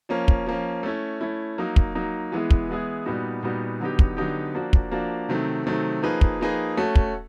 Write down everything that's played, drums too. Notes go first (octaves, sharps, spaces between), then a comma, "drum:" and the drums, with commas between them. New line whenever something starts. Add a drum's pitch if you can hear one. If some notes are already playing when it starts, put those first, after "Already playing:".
F3 A#3 C#4
drum: kick
F3 A#3 C#4
A3 C#4 E4
A3 C#4 E4
F#3 A#3 D#4
drum: kick
F#3 A#3 D#4
E3 G#3 B3 E4 G#4
drum: kick
E3 G#3 B3 E4 G#4
A#2 G3 B3 D#4 F#4
A#2 G3 B3 D#4 F#4
D3 F#3 B3 D#4 G4
drum: kick
D3 F#3 B3 D#4 G4
F3 A#3 D4 F#4
drum: kick
F3 A#3 D4 F#4
C3 D#3 F#3 A3 C4
C3 D#3 F#3 A3 C4
F3 A#3 D#4 G#4 B4
drum: kick
F3 A#3 D#4 G#4 B4
A3 C#4 F#4 A4
drum: kick